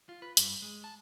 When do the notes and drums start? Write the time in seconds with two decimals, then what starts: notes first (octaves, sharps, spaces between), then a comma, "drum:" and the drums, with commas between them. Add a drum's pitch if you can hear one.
0.09 F4
0.22 B4
0.37 G2, drum: hi-hat
0.62 G#3
0.84 A5